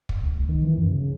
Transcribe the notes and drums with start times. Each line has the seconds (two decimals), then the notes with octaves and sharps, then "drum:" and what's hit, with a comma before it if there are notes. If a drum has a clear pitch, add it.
0.09 drum: kick
0.23 D2
0.36 C2
0.49 D#3
0.65 E3
0.77 F#2
0.92 C#3